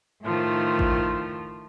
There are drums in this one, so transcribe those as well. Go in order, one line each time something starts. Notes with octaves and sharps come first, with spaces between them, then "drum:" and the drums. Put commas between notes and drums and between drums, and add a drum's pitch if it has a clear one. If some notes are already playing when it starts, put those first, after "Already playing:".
A2 D#3 F3 A3 F4
drum: kick A1